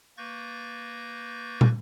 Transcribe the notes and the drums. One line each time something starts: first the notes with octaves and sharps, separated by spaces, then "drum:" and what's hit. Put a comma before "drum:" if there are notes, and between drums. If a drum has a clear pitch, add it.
A#3 B4 C#6 G6 A6 A#6
drum: tom